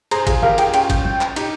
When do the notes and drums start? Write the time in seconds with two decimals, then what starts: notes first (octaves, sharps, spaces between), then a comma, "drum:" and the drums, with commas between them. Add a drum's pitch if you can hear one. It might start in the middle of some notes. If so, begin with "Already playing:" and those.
0.11 G#4 C5 A#5, drum: cymbal
0.27 F4 G#4, drum: kick, cymbal
0.42 G4 A#4 F5, drum: tom
0.58 F4 G#4 G5, drum: cymbal
0.74 C#4 F4 G5, drum: cymbal
0.90 G5, drum: kick, cymbal
1.05 G5, drum: tom
1.21 drum: clap
1.36 D#4 G4, drum: cymbal